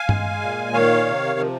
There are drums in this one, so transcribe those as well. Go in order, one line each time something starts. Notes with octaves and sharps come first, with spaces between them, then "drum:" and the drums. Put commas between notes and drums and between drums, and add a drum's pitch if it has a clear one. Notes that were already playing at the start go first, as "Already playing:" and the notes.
Already playing: F5 G#5
G#3, drum: tom G2
A#2
D#3 C#5 F5
C3
F3